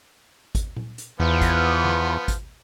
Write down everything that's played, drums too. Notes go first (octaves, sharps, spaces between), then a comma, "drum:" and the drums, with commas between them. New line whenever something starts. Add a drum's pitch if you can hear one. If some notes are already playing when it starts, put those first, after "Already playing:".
drum: kick G#1, hi-hat
drum: tom A#2
drum: hi-hat
E2 F3 B3
drum: kick G#1, hi-hat
drum: tom D3
drum: kick G#1, hi-hat